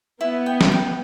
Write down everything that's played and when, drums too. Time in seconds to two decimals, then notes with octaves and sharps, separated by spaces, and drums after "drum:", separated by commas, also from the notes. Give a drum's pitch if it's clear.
0.21 B3 E4
0.46 G5
0.61 drum: snare
0.72 G5